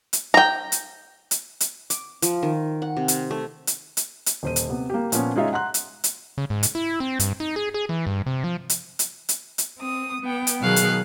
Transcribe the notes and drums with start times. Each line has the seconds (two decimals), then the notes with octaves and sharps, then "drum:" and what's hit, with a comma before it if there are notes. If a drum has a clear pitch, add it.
0.13 drum: hi-hat
0.34 G5 A#5
0.72 drum: hi-hat
1.31 drum: hi-hat
1.60 drum: hi-hat
1.90 D6, drum: hi-hat
2.22 F3, drum: hi-hat
2.43 D#3
2.82 F#5
2.97 C3
3.08 drum: hi-hat
3.31 A3
3.67 drum: hi-hat
3.97 drum: hi-hat
4.26 drum: hi-hat
4.43 D#1 C5 D#7
4.56 drum: hi-hat
4.69 C3 B3
4.90 A#3 G4
5.12 A#2 F3 B3 C#4, drum: hi-hat
5.36 G#3 C#4 D#4 F4 C#5 E5
5.53 F#5 A#5 C6 F#6
5.74 drum: hi-hat
6.04 drum: hi-hat
6.38 C#3
6.50 G#2
6.63 drum: hi-hat
6.75 E4
7.00 C4
7.20 G2, drum: hi-hat
7.40 D#4
7.56 G#4
7.74 G#4
7.89 E3
8.07 G2
8.26 C3
8.44 F3
8.70 drum: hi-hat
8.99 drum: hi-hat
9.29 drum: hi-hat
9.58 drum: hi-hat
9.79 C4 D#6
10.23 B3 G5
10.47 drum: hi-hat
10.61 B2 D#3 F#3 G#4 F5 F#6
10.76 drum: hi-hat